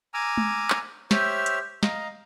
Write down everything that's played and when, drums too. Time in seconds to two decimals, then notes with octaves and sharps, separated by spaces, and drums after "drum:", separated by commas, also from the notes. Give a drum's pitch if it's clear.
0.14 G#5 A#5 D6 E6 F6
0.38 drum: tom G#3
0.70 drum: clap
1.11 G4 C5 C#5 E5 E6 F6, drum: snare
1.46 drum: hi-hat
1.83 D#5 F5 A#5, drum: snare